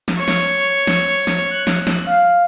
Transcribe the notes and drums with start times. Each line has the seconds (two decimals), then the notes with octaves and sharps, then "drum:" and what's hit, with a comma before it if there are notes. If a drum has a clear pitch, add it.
0.08 drum: snare
0.18 C#5
0.28 drum: snare
0.87 drum: snare
1.27 drum: snare
1.51 F#6
1.67 drum: snare
1.87 drum: snare
2.07 F5